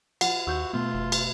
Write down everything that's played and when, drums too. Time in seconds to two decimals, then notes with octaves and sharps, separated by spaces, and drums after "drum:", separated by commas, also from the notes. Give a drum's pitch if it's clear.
0.21 F4 F#5 A6 D#7, drum: cymbal
0.47 D#2 F#4 E6 G6
0.73 B2 A3 B3 F4
0.94 F1
1.12 drum: cymbal